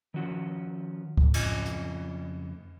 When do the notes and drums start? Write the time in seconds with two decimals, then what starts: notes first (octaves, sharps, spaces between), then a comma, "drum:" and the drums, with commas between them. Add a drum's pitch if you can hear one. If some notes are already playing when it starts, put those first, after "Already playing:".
0.14 D#3 F3 C#4 F#4
1.17 drum: kick C#2
1.34 F2 C#3 F4 D#5 G#5, drum: cymbal
1.65 drum: hi-hat